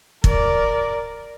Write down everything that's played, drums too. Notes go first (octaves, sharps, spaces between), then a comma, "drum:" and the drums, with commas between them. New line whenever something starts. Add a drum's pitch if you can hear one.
A#4 D5, drum: kick